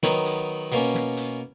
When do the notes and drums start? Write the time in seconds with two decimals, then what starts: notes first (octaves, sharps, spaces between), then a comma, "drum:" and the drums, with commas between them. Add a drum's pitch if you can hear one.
0.03 D#3 F#3 B3 D#4, drum: snare
0.26 drum: hi-hat
0.72 B2 A#3 C#4, drum: hi-hat
0.94 drum: snare
1.17 drum: hi-hat